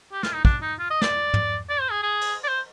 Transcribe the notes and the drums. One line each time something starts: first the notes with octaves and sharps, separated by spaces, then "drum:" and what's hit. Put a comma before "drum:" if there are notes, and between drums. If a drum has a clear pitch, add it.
G4
F4, drum: snare
D#4
D4, drum: kick
D#4
F4
D#5
D5, drum: snare
drum: tom
D5
C5
G#4
G#4
drum: cymbal
D5
C5